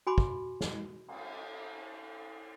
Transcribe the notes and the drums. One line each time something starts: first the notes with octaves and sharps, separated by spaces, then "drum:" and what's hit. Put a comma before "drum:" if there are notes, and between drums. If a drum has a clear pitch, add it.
F#4 G#5 B5 C6 D6
drum: kick
drum: snare
drum: cymbal